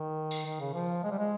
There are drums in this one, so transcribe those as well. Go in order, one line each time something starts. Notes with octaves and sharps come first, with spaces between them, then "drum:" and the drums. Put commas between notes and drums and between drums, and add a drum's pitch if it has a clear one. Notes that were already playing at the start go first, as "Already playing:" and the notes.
Already playing: D#3
drum: tambourine
D#3
C#3
F3
G#3
G3
G#3